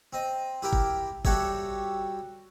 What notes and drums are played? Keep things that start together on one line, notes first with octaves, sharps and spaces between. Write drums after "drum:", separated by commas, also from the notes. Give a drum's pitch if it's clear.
C4 D#5
E4 G4 A#4 D6
drum: kick G1
G3 F#4 G4 A4 C#5 E5, drum: kick G1